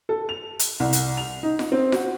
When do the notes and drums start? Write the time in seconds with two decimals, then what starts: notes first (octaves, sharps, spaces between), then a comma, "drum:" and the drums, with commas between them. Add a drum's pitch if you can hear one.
0.09 A4
0.29 F7
0.59 drum: hi-hat
0.80 C2
0.93 drum: hi-hat
1.17 F7
1.43 D#4
1.59 drum: snare F4
1.72 C4
1.92 F#4, drum: snare F4